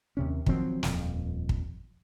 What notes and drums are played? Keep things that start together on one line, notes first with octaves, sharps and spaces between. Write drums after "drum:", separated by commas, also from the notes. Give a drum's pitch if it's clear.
D#2 C3 C#4
D#3 F3 F#3 C4, drum: kick
D#1 F2, drum: snare
drum: kick